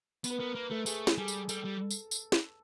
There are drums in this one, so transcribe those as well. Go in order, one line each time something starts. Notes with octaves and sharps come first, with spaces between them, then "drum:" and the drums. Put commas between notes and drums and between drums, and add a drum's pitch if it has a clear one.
B3, drum: tambourine
B4
B3 A#4
A#3 B4
A3 A4
A3 G#4, drum: tambourine
drum: snare
G3 G#4
drum: tambourine
G3 A4, drum: tambourine
G3
drum: tambourine
drum: tambourine
drum: snare